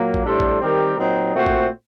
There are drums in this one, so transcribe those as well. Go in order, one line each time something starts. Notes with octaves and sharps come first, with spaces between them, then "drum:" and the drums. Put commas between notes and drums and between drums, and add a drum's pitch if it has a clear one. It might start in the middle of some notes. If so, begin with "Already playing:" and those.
Already playing: A#2 F#3 A#3
drum: kick
A2 G3 D4 A4 C5
drum: kick
D#3 G3 C4 G4 A#4
A#2 F#3 C4 D#4
A#2 A3 C4 F#4 C5
drum: kick